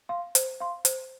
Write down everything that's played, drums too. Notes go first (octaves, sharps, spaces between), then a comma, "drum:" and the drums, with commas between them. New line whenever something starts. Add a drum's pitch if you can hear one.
F5 C6
C5, drum: hi-hat
F5 C6
C5, drum: hi-hat